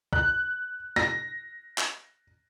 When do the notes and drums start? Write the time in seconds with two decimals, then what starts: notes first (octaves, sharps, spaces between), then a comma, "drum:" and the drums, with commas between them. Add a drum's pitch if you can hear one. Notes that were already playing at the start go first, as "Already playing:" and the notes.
0.13 F#6, drum: kick
0.96 A#6, drum: snare
1.78 drum: clap